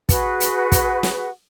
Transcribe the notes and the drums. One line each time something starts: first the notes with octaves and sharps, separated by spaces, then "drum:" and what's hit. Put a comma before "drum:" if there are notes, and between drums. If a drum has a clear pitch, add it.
F#4 G#4 B4 F#5, drum: kick, hi-hat
drum: hi-hat
drum: kick, hi-hat
drum: snare